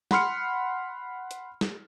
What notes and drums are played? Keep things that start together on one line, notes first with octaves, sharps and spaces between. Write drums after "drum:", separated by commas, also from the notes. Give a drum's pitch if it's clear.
F#5 B5 C6 F6 C#7, drum: snare
drum: hi-hat
drum: snare